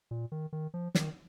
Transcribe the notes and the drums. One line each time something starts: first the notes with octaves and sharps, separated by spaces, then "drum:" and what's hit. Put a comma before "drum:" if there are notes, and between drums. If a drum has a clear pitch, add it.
A#2
D#3
D#3
F3
D#3, drum: snare